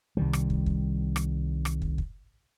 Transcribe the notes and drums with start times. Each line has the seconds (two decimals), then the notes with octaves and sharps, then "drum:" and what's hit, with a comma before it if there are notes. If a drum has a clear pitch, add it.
0.17 C2 D#3 G3
0.33 drum: rim click
0.50 drum: kick
0.66 drum: kick
1.16 drum: rim click
1.65 drum: rim click
1.82 drum: kick
1.98 drum: kick